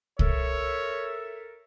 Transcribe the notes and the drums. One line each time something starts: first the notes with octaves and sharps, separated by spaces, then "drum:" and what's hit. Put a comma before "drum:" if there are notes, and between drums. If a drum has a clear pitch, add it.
A4 A#4 C#5 E5, drum: kick C2